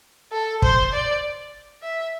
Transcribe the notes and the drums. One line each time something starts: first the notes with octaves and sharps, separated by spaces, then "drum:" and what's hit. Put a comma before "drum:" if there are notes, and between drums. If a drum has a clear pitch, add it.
A4
C5, drum: kick
D5
E5